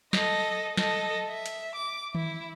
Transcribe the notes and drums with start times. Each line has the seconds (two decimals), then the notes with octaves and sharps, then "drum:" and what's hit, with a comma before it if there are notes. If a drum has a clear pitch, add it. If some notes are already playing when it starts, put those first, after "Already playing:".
0.13 A4 D#5, drum: snare
0.77 A4 D#5, drum: snare
1.30 E5
1.46 drum: hi-hat
1.75 D6
2.15 E4, drum: tom D#3